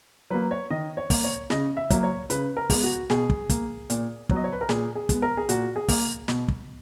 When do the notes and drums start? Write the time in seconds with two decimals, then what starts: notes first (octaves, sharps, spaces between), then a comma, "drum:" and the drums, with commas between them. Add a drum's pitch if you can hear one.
0.30 F#3 A#3 B4
0.51 C#5
0.70 D#3 D#5
0.97 C#5
1.10 A#3, drum: kick, open hi-hat
1.24 C#5
1.50 C#3 D#5, drum: snare
1.77 E5
1.90 F#3 A#3, drum: kick, hi-hat
2.03 C#5
2.30 C#3 B4, drum: hi-hat
2.57 A#4
2.70 G#3 B3, drum: kick, open hi-hat
2.83 F#4
3.10 B2 G#4, drum: snare
3.30 drum: kick
3.49 A#3, drum: kick, hi-hat
3.90 A#2, drum: hi-hat
4.29 F#3 B3, drum: kick
4.36 D#5
4.44 C#5
4.52 B4
4.61 A#4
4.69 A#2 G#4, drum: snare
4.95 G#4
5.09 G#3 B3, drum: kick, hi-hat
5.22 A#4
5.37 G#4
5.49 A#2 F#4, drum: hi-hat
5.76 G#4
5.88 A#3, drum: kick, open hi-hat
6.28 B2, drum: snare
6.48 drum: kick